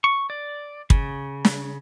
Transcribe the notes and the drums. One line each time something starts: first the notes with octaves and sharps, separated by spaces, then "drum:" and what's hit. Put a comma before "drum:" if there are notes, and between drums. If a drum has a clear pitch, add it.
C#6
D5
C#3, drum: kick
drum: snare